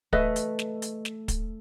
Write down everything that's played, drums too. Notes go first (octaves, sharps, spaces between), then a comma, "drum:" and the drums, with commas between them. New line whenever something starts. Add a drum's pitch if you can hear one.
A3 B4 D#5 E5, drum: kick
drum: hi-hat
drum: snare
drum: hi-hat
drum: snare
drum: kick, hi-hat